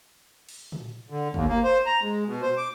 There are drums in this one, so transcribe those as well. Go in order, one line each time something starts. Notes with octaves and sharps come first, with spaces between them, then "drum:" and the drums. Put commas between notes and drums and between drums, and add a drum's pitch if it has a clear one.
drum: cymbal
drum: tom A2
D3
D#2, drum: kick
A#3
C5
A#5
G#3
B2
C5
D6